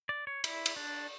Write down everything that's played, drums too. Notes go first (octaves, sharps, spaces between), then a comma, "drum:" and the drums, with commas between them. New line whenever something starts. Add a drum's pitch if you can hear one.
D5
C#5
E4, drum: cymbal
drum: cymbal
D4